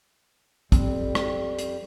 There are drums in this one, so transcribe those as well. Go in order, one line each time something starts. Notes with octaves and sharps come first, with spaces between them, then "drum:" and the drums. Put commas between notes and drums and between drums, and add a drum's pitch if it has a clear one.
F2 G3 C4, drum: kick, hi-hat
drum: rim click
drum: hi-hat